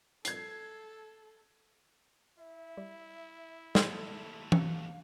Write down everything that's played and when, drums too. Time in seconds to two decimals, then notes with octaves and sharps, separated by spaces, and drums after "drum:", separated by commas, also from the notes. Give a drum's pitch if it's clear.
0.25 A4 G#6 C7, drum: hi-hat
2.38 E4 E5
2.77 G3
3.75 D#2 A3 A4, drum: snare
4.52 F5 C#7, drum: tom E3